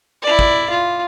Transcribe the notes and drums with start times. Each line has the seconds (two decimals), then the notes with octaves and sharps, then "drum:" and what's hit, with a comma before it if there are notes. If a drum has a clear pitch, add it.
0.22 E4 D5
0.39 drum: kick
0.70 F4